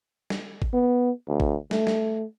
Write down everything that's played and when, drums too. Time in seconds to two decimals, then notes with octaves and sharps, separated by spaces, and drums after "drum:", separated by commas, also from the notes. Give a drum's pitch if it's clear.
0.30 drum: snare
0.62 drum: kick G#1
0.73 B3
1.28 D2
1.40 drum: kick G#1
1.71 A3, drum: snare
1.87 drum: snare